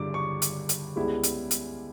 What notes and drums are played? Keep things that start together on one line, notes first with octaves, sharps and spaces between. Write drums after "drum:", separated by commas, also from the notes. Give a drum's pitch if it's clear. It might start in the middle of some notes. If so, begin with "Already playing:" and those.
Already playing: G2 D3 G3 D6
C#6
drum: hi-hat
drum: hi-hat
C#2 C#3 G3 B3 E4
drum: hi-hat
drum: hi-hat